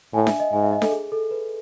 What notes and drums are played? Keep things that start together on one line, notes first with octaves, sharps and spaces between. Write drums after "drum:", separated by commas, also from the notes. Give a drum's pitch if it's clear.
A2 G#5
E5, drum: snare D4
D#5
G#2 G#5
E5
D#5
A4, drum: snare D4
G#4
A4
B4